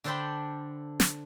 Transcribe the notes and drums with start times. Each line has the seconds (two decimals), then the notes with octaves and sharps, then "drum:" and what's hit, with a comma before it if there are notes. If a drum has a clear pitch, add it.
0.04 D3 D4 A4 C5 G5 B5
1.00 drum: snare